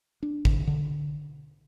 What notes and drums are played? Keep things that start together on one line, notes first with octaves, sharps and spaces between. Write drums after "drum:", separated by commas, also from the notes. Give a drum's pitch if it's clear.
D4
D3, drum: kick
D3